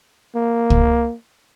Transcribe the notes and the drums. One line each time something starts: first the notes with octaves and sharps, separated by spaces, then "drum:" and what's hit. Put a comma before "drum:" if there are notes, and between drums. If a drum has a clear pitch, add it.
A#3
drum: kick